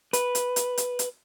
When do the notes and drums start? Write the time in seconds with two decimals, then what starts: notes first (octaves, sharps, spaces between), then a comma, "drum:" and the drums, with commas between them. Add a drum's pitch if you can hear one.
0.13 B4, drum: hi-hat
0.35 drum: hi-hat
0.56 drum: hi-hat
0.77 drum: hi-hat
0.99 drum: hi-hat